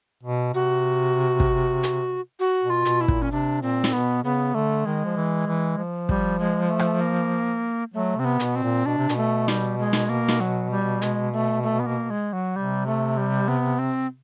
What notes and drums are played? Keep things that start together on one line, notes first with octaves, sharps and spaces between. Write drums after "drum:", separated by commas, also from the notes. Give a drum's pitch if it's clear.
B2
C3 F#4
drum: kick
drum: hi-hat
F#4
B2
F4
B2, drum: hi-hat
E4
A#2, drum: kick
C#4
C3 D4
A#2 C4
drum: snare
B2 B3
C#3 B3
D3 A3
D#3 G#3
F3
E3
E3
F3
G3, drum: kick
G#3
A3
drum: rim click
A#3
F#3 A3
C3 C4
B3
B2, drum: hi-hat
C4
A#2
B2 D4
C3
B2, drum: hi-hat
A3
G3, drum: snare
G#3
drum: snare
A#3
drum: snare
F#3
G3
G#3, drum: hi-hat
A3
A3
B3
A#3
G#3
F#3
C3 G3
A3
G3
B3
C4